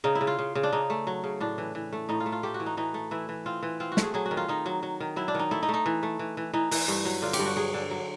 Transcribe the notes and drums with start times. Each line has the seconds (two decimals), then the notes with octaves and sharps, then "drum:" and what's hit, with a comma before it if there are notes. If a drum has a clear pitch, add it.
0.04 C#3 D#4
0.15 E4
0.21 C#3
0.27 F4
0.39 C#3
0.55 C#3
0.63 D4
0.73 C#3 D#4
0.90 A3
1.07 F#3
1.24 C#3
1.40 A2 D4
1.58 E3
1.75 E3
1.93 A3
2.09 A2 D#4
2.20 F4
2.26 A3
2.32 F4
2.43 A3 G4
2.54 F#4
2.60 E3
2.66 D#4
2.77 E3 D#4
2.94 A3
3.11 E3 E4
3.29 E3
3.46 C4 F4
3.63 E3
3.80 C4 F4
3.92 F#4
3.97 A3, drum: snare
4.03 G#4
4.14 F#3 G#4
4.26 F#4
4.31 D#3
4.37 F4
4.48 D#3 D#4
4.66 F#3
4.83 F#3
5.00 D#3
5.16 F#3 E4
5.28 D4
5.35 D#3 D#4
5.51 A3 E4
5.63 D#4
5.69 A3
5.74 D#4
5.86 E3
6.03 A3
6.19 E3
6.37 E3
6.53 E3 D#4
6.71 E3, drum: open hi-hat
6.88 G2
7.05 F#3
7.22 D3 F4
7.33 G4, drum: cymbal
7.39 G2
7.46 F#4
7.56 F#3 G#4
7.74 D3
7.90 F#3